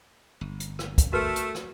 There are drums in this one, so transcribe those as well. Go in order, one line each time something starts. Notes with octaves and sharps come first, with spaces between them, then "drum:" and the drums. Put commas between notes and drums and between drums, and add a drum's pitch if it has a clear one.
G1
drum: hi-hat
drum: rim click
drum: kick, hi-hat
A3 F#4 A#4 B4
drum: hi-hat
drum: rim click